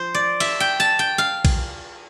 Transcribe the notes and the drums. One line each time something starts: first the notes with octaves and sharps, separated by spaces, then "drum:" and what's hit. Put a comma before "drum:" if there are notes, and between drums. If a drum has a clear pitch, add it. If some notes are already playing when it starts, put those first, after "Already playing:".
Already playing: F3 C5
D5
E5, drum: cymbal
G5
A5
G5
F5
drum: kick A#1, cymbal